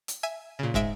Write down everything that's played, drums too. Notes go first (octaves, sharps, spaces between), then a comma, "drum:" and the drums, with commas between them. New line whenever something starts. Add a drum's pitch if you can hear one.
drum: hi-hat
E5 G#5 D#7
A#2 C#3
G#2 G#3 E5 D7, drum: kick